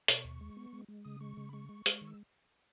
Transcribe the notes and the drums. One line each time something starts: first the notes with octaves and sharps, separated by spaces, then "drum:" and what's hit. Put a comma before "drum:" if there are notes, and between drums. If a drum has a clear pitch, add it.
B2 C#6, drum: hi-hat
D#2
G#3
B3
G#3
G#3
C#3 D#6
G#3 C#6
C#3
B5
G#3 C#6
G#3
G#3, drum: hi-hat
D#3
E6